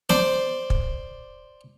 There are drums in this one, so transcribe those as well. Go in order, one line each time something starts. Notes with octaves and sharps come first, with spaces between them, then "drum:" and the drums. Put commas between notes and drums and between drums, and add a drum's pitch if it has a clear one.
C5 D5, drum: snare
drum: kick